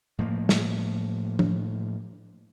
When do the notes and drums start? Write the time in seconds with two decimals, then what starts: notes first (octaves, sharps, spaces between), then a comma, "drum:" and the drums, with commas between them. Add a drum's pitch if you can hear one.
0.19 A2 F3 A#3
0.49 drum: snare
1.39 drum: tom F3